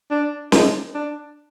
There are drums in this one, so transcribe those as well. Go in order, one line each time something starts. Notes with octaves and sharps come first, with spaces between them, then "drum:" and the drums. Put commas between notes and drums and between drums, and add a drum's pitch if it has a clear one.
D4
D#4, drum: snare
D4